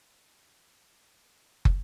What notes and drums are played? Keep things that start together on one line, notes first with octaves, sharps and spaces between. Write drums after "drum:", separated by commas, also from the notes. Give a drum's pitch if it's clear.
C#4 G#4 A#5
drum: kick